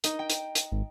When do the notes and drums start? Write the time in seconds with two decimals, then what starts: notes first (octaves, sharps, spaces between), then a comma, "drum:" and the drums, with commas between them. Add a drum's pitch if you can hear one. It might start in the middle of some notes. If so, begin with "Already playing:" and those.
0.04 D#4 D#5, drum: hi-hat
0.19 G5
0.30 drum: hi-hat
0.55 drum: hi-hat
0.72 G#1